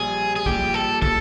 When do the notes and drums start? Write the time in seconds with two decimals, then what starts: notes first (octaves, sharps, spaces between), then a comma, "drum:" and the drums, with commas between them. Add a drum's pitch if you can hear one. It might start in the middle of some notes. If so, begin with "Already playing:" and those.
Already playing: A#1 A#2 G3 G#4
0.36 G#4
0.46 A#1 A#2 G3 G4, drum: kick
0.74 A4
1.02 A#2 A4, drum: kick